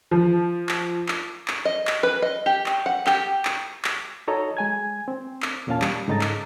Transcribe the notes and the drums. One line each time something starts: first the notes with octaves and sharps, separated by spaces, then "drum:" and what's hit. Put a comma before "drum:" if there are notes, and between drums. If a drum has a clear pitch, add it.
F3
drum: clap
drum: clap
drum: clap
D#5
drum: clap
B4
D#5
G4
drum: clap
F#5
G4, drum: clap
drum: clap
drum: clap
D#4 F#4 A4 C#5 D#5 A#5
G#3 G#5 G#6
C4
drum: clap
E2 A#2 A#3 C#4 F5 A5
G3, drum: clap
G#2 C#3 D#4 A4 A#5 A6
drum: clap